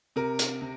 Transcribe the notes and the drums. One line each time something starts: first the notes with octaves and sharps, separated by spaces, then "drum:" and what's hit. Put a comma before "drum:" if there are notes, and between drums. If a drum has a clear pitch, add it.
C3 A#4
drum: hi-hat
C3